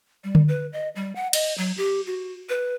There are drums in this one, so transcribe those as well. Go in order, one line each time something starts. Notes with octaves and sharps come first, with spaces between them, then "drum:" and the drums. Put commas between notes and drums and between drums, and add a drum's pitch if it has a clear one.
G3
drum: tom D3
B4
D#5
G3
F#5
D#5, drum: cymbal
F#3
G4
F#4
B4